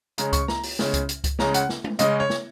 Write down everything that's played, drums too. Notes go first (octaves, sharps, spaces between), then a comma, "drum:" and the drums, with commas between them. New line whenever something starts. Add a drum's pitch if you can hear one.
C#3 G#3 C#4 A#5, drum: hi-hat
C#6, drum: kick C#2, hi-hat
A#5, drum: snare
drum: open hi-hat
C#3 G#3 C#4, drum: snare
drum: kick C#2, hi-hat
drum: hi-hat
drum: kick C#2, hi-hat
C#3 G#3 C#4 A#5, drum: snare
F#5, drum: hi-hat
drum: snare
drum: tom G#3
C#3 G#3 C#4 D#5, drum: hi-hat
C#5
drum: snare